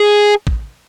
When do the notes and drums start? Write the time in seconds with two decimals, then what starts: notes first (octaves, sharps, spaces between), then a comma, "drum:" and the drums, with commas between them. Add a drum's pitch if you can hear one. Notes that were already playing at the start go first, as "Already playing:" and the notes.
Already playing: G#4
0.47 drum: kick